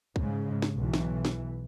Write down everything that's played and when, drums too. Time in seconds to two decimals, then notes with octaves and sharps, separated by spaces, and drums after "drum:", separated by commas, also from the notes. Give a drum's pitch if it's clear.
0.16 G#2 C#3 G#3, drum: kick
0.62 drum: snare
0.76 B1 E3
0.94 drum: snare
1.25 drum: snare